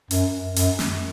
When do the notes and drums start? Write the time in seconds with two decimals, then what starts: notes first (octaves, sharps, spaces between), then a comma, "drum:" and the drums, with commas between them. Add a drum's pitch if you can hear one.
0.11 F#2, drum: hi-hat
0.56 F#2, drum: hi-hat
0.79 drum: snare